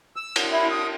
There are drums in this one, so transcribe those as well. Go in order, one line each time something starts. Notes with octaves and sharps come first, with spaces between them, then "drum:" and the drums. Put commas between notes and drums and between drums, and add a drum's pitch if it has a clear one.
E6
drum: cymbal
E4
D#6